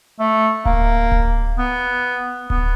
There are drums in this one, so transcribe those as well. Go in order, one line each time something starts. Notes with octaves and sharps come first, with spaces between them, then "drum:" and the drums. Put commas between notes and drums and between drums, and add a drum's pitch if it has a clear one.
A3
A#3, drum: kick D1
drum: kick D1
B3
B3, drum: kick D1